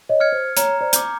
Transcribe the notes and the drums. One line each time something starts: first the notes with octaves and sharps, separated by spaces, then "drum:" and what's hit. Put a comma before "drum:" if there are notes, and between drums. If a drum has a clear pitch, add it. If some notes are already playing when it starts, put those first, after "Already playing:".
C#5 D#5
F6 G#6 C#7
C5
C#5 A#5, drum: hi-hat
C5 D5
D6 G6, drum: hi-hat